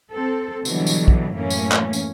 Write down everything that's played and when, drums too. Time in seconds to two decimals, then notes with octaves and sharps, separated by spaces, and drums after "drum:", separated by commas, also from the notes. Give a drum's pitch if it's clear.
0.11 C4 A4
0.65 B2 D3 E3 F#3 G3, drum: tambourine
0.87 drum: tambourine
1.08 drum: kick
1.35 F#2 A2 E3 A3 A#3 C#4
1.50 drum: tambourine
1.72 drum: clap
1.93 drum: tambourine